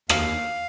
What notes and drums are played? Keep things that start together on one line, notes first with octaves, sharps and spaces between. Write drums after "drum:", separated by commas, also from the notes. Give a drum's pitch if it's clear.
D#2 F5, drum: rim click